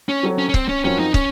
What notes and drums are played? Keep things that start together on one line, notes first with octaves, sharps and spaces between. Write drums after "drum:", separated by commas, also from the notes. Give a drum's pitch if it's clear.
C#4
F#3 C4 F#4 A4 C#5
C#4
C#4
C4, drum: kick
C#4
F#2 F3 C4 C#4 F#4 A#4
D#4
C#4, drum: kick